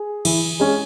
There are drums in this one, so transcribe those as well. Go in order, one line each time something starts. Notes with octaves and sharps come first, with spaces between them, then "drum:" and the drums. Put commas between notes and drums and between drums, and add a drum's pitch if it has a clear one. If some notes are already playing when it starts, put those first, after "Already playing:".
Already playing: G#4
E3, drum: cymbal
G#3 C#4